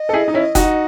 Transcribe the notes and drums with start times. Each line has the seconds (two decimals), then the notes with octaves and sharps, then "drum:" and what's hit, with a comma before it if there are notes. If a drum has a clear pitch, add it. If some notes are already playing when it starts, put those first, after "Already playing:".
Already playing: D#5
0.09 A4
0.13 E4 G#4
0.28 D#4
0.34 C#4 E4
0.55 D#4 F#4, drum: kick F#1, hi-hat